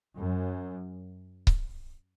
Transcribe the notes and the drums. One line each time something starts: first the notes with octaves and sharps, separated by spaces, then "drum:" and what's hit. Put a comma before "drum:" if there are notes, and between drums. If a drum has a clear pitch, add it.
F#2
drum: kick C#1